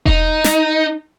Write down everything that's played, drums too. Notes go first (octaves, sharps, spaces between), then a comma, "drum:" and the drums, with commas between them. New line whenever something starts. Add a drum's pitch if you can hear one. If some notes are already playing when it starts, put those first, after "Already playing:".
D#4, drum: kick E1
drum: snare